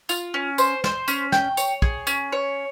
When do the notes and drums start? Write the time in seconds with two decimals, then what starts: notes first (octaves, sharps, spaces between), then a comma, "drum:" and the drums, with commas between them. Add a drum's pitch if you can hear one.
0.09 F4, drum: tambourine
0.34 C#4
0.58 C5, drum: tambourine
0.84 C5, drum: snare
1.08 C#4, drum: tambourine
1.32 G5, drum: snare
1.57 C#5, drum: tambourine
1.82 G#4, drum: kick
2.07 C#4, drum: tambourine
2.32 C#5